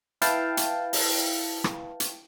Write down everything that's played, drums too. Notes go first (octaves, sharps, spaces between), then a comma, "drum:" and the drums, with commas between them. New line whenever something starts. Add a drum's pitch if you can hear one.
E4 B4 F5 G5 A5, drum: hi-hat
drum: hi-hat
drum: open hi-hat
drum: rim click
drum: hi-hat